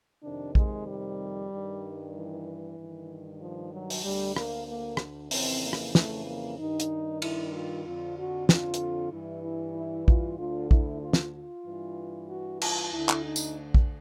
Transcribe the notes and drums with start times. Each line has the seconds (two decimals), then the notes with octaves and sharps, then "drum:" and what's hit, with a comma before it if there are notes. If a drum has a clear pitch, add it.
0.23 F2 C3 D#3 D4
0.55 G#3, drum: kick A#1
0.87 G3
1.50 G2 D#3
2.14 E3
2.77 G2 D#3
3.41 F3
3.73 F#3
3.90 drum: open hi-hat
4.05 D2 D3 G3
4.36 A#3, drum: rim click
4.68 A#3
4.97 drum: rim click
5.31 F2 C#3 E3 C4, drum: open hi-hat
5.63 A#3
5.73 drum: rim click
5.95 A3, drum: snare
6.27 A#3
6.58 G2 D#3 D#4
6.80 drum: hi-hat
7.22 E4, drum: cymbal
7.54 F4
7.86 F2 D3 F4
8.17 F#4
8.49 F4, drum: snare
8.74 drum: hi-hat
9.12 G2 E3 E4
9.44 E4
9.76 E4
10.08 F4, drum: kick A#1
10.39 D2 D3 F4
10.71 E4, drum: kick A#1
11.02 F4
11.13 drum: snare
11.34 F4
11.66 G2 E3
12.29 F#4
12.61 F4, drum: cymbal
12.93 D2 D3 E4
13.09 drum: clap
13.25 D#4
13.36 drum: tambourine
13.74 drum: kick A#1